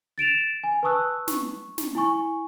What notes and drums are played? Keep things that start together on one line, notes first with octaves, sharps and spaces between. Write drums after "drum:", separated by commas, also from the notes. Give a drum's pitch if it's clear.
A6 D7 E7 F7
G#5
B4 A5 C#6 D#6 E6 F#6
C#6, drum: snare
drum: snare
E4 G#5 C#6